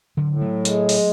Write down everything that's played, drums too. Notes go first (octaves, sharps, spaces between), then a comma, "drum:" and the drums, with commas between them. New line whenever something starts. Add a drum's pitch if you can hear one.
D3 F#3
A2
F#3 A3
G#3, drum: hi-hat
drum: open hi-hat